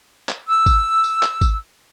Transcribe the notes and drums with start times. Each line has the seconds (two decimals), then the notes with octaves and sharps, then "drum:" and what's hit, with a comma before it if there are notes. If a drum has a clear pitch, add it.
0.29 drum: clap
0.48 E6
0.66 drum: kick G#1, tambourine
1.04 drum: tambourine
1.23 drum: clap
1.41 drum: kick G#1, tambourine